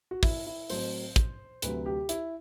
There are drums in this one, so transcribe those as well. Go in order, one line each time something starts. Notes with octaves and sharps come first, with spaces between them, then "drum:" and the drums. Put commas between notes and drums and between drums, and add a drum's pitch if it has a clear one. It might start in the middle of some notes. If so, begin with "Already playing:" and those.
F#4
E4, drum: kick, open hi-hat
E4
A2 F#3 C4 C5, drum: open hi-hat
drum: kick, hi-hat
D2 C3 F#3 B4, drum: hi-hat
G4
E4, drum: hi-hat